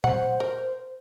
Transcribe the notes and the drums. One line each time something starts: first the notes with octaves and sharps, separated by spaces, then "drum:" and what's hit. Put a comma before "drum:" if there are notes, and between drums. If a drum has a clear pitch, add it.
C5 F#5, drum: tom
A#4